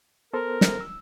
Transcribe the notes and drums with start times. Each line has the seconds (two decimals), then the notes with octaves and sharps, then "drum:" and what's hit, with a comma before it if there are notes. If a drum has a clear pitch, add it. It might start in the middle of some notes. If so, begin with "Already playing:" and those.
0.33 B3 A4 A#4 C5
0.61 drum: snare
0.81 E6